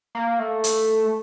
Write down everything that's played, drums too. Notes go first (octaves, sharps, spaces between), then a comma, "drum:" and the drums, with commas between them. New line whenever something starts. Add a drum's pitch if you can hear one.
A#3
A3
drum: hi-hat